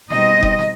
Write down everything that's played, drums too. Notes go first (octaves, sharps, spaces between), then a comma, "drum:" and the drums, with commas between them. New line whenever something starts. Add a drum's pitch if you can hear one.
B2 G3 C4 D#4 D#5, drum: snare
drum: kick F1
drum: snare